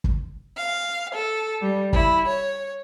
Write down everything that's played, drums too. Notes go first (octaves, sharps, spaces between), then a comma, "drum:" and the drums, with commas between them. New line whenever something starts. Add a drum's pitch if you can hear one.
drum: kick
F5
A4
G3
E4, drum: kick
C#5